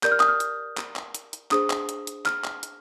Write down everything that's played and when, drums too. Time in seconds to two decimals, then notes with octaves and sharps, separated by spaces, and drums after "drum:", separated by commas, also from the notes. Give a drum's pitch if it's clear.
0.03 G4 A#4 D5 G6, drum: clap
0.12 F6
0.20 D#6, drum: clap
0.28 F6
0.40 drum: hi-hat
0.77 drum: clap
0.96 drum: clap
1.14 drum: hi-hat
1.33 drum: hi-hat
1.51 D4 G#4 C5 D#6, drum: clap
1.70 drum: clap
1.89 drum: hi-hat
2.07 drum: hi-hat
2.26 F6, drum: clap
2.44 drum: clap
2.63 drum: hi-hat